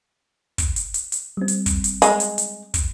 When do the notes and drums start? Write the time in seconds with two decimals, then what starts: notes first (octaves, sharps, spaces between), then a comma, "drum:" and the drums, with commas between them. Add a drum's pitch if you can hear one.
0.58 drum: kick, hi-hat
0.76 drum: hi-hat
0.94 drum: hi-hat
1.12 drum: hi-hat
1.37 G3 C4
1.48 drum: hi-hat
1.66 drum: kick, hi-hat
1.84 drum: hi-hat
2.02 G#3, drum: hi-hat
2.20 drum: hi-hat
2.38 drum: hi-hat
2.74 drum: kick, hi-hat